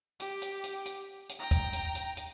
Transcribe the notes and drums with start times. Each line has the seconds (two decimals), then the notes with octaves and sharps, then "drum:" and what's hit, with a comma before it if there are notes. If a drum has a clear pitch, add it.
0.20 G4, drum: hi-hat
0.42 drum: hi-hat
0.64 drum: hi-hat
0.85 drum: hi-hat
1.29 drum: hi-hat
1.39 G5 A#5
1.51 drum: kick, hi-hat
1.73 drum: hi-hat
1.95 drum: hi-hat
2.17 drum: hi-hat